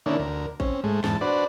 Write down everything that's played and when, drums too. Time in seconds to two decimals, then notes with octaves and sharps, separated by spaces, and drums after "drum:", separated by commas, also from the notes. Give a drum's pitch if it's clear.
0.06 D3 D#3 A#3 C#4 D4 E4
0.19 D2 A#4
0.60 C4 C#4, drum: kick
0.84 G#2 G#3 A3
1.04 E2 G#2 A5, drum: snare
1.21 D4 F#4 B4 C5 D5